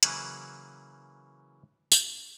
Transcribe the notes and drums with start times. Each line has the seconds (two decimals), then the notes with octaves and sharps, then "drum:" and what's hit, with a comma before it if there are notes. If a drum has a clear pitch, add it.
0.03 C#3 E3 F#3 A#3 E4 G#5, drum: hi-hat
1.92 drum: tambourine